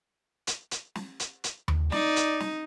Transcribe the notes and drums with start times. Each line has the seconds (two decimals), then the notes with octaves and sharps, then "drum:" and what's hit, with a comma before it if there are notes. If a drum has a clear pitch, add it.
0.47 drum: hi-hat
0.71 drum: hi-hat
0.95 drum: snare
1.20 drum: hi-hat
1.44 drum: hi-hat
1.68 drum: tom D#2
1.92 D#4 D5, drum: snare
2.16 drum: hi-hat
2.40 drum: snare